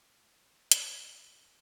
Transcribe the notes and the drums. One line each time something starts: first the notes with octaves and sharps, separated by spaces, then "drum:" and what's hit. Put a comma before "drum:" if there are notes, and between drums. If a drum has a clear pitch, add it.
A3 B3 C4 F#4
G#3 A3 C4 B5 D6
G2, drum: hi-hat
D#3 E3 F4 C6
B3 A4 C5 D#5 F#5 A5